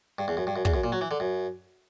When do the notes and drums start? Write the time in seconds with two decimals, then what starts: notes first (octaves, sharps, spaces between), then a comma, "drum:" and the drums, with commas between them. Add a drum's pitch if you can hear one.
0.19 G2
0.28 E2
0.37 F#2
0.47 G2
0.56 F#2
0.65 E2, drum: kick
0.74 F#2
0.84 A#2
0.92 F#3
1.01 E3
1.11 D3
1.20 F#2